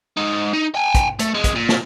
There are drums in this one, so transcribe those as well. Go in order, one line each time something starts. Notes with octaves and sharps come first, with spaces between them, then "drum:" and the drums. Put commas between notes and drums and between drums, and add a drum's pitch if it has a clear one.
G#2 D#4
D#4
G5 G#5
drum: kick, hi-hat
A3, drum: hi-hat
F2 G#3
drum: kick, hi-hat
A#2
drum: snare